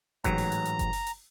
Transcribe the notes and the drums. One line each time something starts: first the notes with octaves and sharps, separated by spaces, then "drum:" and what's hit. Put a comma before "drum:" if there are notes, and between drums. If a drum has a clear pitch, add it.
A1 G#2 F#3 A#5, drum: kick F#1, hi-hat
drum: open hi-hat
drum: hi-hat
drum: hi-hat
drum: kick F#1, hi-hat
drum: open hi-hat
drum: hi-hat